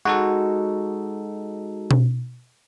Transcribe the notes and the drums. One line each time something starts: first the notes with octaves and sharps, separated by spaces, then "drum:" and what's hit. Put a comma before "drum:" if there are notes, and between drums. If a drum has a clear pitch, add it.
G#3 D#4 F#4 A4
drum: tom B2